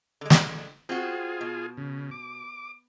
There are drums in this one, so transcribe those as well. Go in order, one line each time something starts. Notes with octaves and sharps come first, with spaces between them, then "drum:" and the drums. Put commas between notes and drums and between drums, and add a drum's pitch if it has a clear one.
D3 G#3
drum: snare
C4 F4 F#4 G#4
B2
C#3
D6